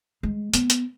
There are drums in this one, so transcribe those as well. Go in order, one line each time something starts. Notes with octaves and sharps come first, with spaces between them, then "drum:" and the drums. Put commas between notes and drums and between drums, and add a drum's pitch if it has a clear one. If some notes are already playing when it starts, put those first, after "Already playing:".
G#3
B3, drum: hi-hat
drum: hi-hat